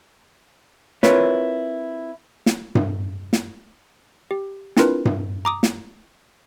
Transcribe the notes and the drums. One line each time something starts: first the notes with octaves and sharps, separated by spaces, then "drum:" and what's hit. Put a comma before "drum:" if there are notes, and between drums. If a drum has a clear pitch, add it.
C4 E4 F4 A#4 B4 C#5, drum: snare
drum: snare
drum: tom G2
drum: snare
G4
C4 D4 E4 F4 A#4 B4, drum: snare
drum: tom G2
A#5 D6 D#6
drum: snare